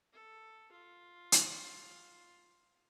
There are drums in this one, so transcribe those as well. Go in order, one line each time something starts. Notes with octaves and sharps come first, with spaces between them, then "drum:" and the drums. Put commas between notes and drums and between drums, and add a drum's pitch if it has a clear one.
A4
F4
drum: hi-hat